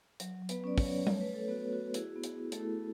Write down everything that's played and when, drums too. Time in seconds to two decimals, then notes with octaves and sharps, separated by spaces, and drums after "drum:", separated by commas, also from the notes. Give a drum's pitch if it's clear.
0.20 F#3, drum: hi-hat
0.42 F#3
0.49 B3 B4, drum: hi-hat
0.64 C#4 D5
0.78 C#4 C#5, drum: kick, open hi-hat
0.86 F#3
1.07 A3 C#5, drum: tom G3
1.21 B4
1.29 A3
1.34 A4
1.48 B3 F#4 B4
1.73 F#4
1.94 E4 G#4, drum: hi-hat
2.16 B3
2.24 G#4, drum: hi-hat
2.38 E4
2.52 A3 A4, drum: hi-hat
2.60 E4